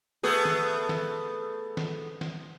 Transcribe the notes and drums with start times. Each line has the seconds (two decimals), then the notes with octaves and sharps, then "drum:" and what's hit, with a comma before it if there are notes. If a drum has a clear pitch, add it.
0.23 A3 B3 G#4
0.45 drum: snare
0.89 drum: snare
1.77 drum: snare
2.21 drum: snare